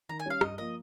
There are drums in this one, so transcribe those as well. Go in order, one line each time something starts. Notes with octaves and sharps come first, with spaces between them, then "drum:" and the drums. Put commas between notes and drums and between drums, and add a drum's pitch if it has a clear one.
D#3 A#5
G#5
G3 C#4 F5
G2 D#5, drum: rim click
F3 A#3 D#5